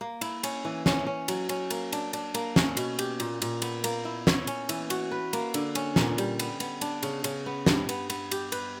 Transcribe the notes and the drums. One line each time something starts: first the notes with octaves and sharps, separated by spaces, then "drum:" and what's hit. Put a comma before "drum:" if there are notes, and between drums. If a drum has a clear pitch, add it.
A#3
E4, drum: cymbal
C#4, drum: cymbal
E3
C#4, drum: snare
C#4
F#3, drum: cymbal
C#4, drum: cymbal
A#3, drum: cymbal
D4, drum: cymbal
D4, drum: cymbal
A#3, drum: cymbal
C#4, drum: snare
B2, drum: cymbal
G4, drum: cymbal
A#2, drum: cymbal
A#2, drum: cymbal
B3, drum: cymbal
A#3, drum: cymbal
E4
C#5, drum: snare
C#4, drum: cymbal
E3, drum: cymbal
F#4, drum: cymbal
B4
A#3, drum: cymbal
D3, drum: cymbal
C#4, drum: cymbal
A#2, drum: snare
G3, drum: cymbal
B3, drum: cymbal
B3, drum: cymbal
D4, drum: cymbal
C#3, drum: cymbal
C#3, drum: cymbal
B3
G2, drum: snare
B3, drum: cymbal
B3, drum: cymbal
G4, drum: cymbal
B4, drum: cymbal